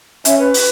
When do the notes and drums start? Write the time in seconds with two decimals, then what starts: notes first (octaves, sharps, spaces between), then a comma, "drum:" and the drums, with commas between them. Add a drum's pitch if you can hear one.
0.25 C#4 E5, drum: hi-hat
0.39 B4
0.54 drum: open hi-hat